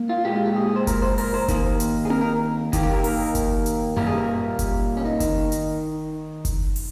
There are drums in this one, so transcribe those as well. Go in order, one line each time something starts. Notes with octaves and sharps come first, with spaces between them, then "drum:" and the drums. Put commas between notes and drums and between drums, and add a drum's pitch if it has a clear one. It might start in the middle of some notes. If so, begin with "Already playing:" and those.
Already playing: A#3
F4
A#2 G#3 G4
F4
G4
G#4
G#4
C5
A#4, drum: kick F#1, hi-hat
C5
A#4, drum: open hi-hat
C5
D#3 A#3 A#4, drum: kick F#1, hi-hat
drum: hi-hat
G#4
A#4, drum: tom C4
A#4
D#3 A#3 G4, drum: kick F#1, hi-hat
G4
A#4
A#4, drum: open hi-hat
drum: kick F#1, hi-hat
drum: hi-hat
A#2 G3 A#3 A#4, drum: tom F#2
G#4
A#4
drum: kick F#1, hi-hat
C#4
D#4
D#3, drum: kick F#1, hi-hat
drum: hi-hat
drum: kick F#1, hi-hat
drum: open hi-hat